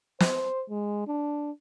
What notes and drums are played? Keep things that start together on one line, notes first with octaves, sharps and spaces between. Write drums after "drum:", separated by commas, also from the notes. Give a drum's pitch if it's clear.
C5, drum: snare
G#3
D4